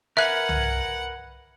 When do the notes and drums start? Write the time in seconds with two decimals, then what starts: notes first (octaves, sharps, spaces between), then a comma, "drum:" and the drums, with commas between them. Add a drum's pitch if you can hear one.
0.17 A#4 B4 E5 F#5 G#5 F#6
0.49 drum: tom C2